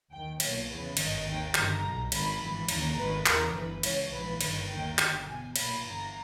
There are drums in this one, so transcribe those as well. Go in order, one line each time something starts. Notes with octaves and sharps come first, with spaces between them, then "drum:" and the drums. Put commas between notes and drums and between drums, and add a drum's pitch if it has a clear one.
D#2 D#3 G5
B1 A#2 C#5, drum: cymbal
E2 C#3 E3 B4
G#1 G2 D#3 D#5, drum: cymbal
D#2 D#3 G5
G1 G2 D#3 A#5, drum: clap
B1 B2
G#1 G2 D#3 B5, drum: cymbal
G#1 G2 E3
D#2 C#3 E3 A#5, drum: cymbal
G#1 G2 D#3 B4
E2 C#3 E3 A#4, drum: clap
G1 G2 E3 B4
C#2 C#3 E3 C#5, drum: cymbal
A#1 G#2 E3 B4
G1 G2 D#3 B4, drum: cymbal
D#2 D#3 G5
G1 G2 D#3, drum: clap
E2 B2 G#5
B1 A#2 B5, drum: cymbal
G1 G2 E3 A#5